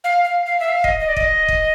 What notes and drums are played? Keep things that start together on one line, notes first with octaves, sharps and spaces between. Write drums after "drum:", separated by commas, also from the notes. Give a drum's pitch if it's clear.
F5
F5
F5
E5
F5
D#5, drum: kick
D#5
D5
D#5, drum: kick
drum: kick